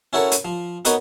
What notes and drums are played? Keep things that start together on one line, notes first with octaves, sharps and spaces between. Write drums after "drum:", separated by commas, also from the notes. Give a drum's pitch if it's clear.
C#4 E4 F#4 A4 A#4 C#5
drum: hi-hat
F3
B3 D#4 F#4 A#4 B4 C#5, drum: hi-hat